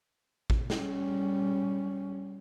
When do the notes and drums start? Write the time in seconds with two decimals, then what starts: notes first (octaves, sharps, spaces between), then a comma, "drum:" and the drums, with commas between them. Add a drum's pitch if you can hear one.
0.50 drum: kick A1
0.70 G3 C#4, drum: snare